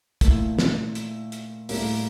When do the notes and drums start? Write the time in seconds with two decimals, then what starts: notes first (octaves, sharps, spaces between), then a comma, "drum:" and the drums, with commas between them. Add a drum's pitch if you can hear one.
0.21 A#2 A3 E4, drum: kick, hi-hat
0.59 drum: snare
0.95 drum: hi-hat
1.32 drum: hi-hat
1.69 A2 G3 A#3, drum: open hi-hat